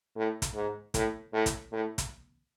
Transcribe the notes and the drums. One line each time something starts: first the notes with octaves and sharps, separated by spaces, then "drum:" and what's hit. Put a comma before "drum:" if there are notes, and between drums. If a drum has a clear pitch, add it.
A2
drum: kick, hi-hat
G#2
A2, drum: kick, hi-hat
A2
drum: kick, hi-hat
A2
drum: kick, hi-hat